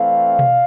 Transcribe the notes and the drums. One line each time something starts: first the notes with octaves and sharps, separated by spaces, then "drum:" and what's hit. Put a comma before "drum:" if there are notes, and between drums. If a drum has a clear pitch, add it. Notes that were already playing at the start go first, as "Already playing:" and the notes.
Already playing: E3 A3 C4 D5 F5
drum: tom B2